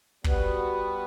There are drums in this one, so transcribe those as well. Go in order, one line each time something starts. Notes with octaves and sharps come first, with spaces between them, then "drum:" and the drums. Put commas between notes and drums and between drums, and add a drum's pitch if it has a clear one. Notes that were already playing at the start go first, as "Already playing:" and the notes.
G3 B3 F#4 B4, drum: kick